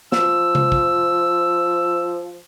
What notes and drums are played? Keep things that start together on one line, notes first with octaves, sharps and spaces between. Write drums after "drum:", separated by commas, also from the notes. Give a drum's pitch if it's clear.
F3 E6, drum: snare
drum: tom C3
drum: kick